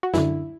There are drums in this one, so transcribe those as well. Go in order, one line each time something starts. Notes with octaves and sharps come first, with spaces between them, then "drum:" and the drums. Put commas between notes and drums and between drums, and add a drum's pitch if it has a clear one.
F#4
F#2 D3 E4, drum: snare